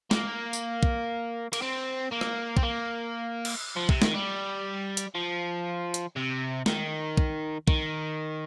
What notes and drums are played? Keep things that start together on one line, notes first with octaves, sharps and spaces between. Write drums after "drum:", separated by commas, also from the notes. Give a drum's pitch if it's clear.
A#3, drum: snare
drum: tambourine
drum: kick
A#3, drum: cymbal
C4
A#3
drum: rim click
C4, drum: kick
A#3
drum: cymbal
F3
C3, drum: kick
D#3, drum: snare
G3
drum: hi-hat
F3
drum: hi-hat
C3
D#3, drum: snare
drum: kick
D#3, drum: kick